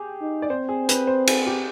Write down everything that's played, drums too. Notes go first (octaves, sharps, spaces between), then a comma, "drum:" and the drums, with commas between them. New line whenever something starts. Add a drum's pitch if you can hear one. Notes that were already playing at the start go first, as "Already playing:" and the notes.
Already playing: G4 G#4
D#4
D5
C4 C5
G#4
B4, drum: hi-hat
C5
G#4, drum: cymbal
G4